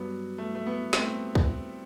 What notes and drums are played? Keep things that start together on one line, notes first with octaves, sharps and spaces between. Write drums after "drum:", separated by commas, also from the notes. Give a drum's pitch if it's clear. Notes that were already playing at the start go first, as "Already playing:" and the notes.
Already playing: G2 F#3 B3
A3
A3
B3
A3 C4, drum: snare
drum: kick